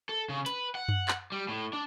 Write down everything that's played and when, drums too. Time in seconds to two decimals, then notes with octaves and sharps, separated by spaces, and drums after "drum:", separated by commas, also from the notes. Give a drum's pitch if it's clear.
0.09 A4
0.29 C#3
0.46 B4, drum: hi-hat
0.75 F#5
0.88 drum: tom F#2
1.08 drum: clap
1.32 G3
1.49 A2
1.73 D4